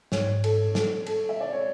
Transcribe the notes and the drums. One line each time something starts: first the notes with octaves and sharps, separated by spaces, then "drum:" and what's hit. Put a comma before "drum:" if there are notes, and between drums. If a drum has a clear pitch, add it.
G#2 C#5, drum: snare
A4, drum: cymbal
A4, drum: snare
A4, drum: cymbal
E5
D5
C#5